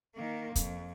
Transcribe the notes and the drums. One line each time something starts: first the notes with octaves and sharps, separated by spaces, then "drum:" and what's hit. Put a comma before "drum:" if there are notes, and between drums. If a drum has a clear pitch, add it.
D#3 A#3
F2, drum: kick, hi-hat